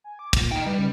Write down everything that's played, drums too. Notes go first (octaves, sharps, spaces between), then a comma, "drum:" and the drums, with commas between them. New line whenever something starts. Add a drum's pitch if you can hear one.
G#5
D6
A#2, drum: kick, cymbal
D#4 D#5 G5
G3 B4
C#3